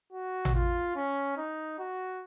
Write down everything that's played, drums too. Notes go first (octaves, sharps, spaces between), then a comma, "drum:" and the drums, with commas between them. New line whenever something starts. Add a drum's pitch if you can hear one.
F#4
drum: tom A1
F4
C#4
D#4
F#4